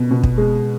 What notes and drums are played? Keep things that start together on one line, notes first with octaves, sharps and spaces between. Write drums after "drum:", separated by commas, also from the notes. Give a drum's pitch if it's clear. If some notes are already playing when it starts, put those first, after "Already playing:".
Already playing: B2 B3
B2
drum: kick
G#3